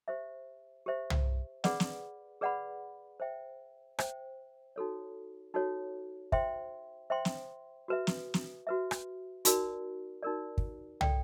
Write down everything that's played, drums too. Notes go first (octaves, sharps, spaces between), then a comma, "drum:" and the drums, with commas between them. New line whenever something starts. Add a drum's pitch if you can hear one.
G4 C5 E5
G4 C5 E5
drum: tom
G#4 B4 D5 F#5 B5, drum: snare
drum: snare
G#4 B4 D5 F#5 B5
C5 E5 G5
C5 E5 G5, drum: rim click
D#4 F#4 A4 C#5
D#4 F#4 A4 C#5
C5 E5 G5 C6, drum: kick
C5 E5 G5 C6
drum: snare
F#4 B4 E5
drum: snare
drum: snare
F#4 B4 E5
drum: rim click
D#4 F#4 A#4 D5, drum: hi-hat
D#4 F#4 A#4 D5
drum: kick
A4 D5 G5, drum: tom